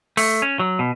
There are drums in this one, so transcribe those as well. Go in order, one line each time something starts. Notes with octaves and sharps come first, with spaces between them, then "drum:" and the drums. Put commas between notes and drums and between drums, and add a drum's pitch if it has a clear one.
A3, drum: open hi-hat
C#4
F#3
B2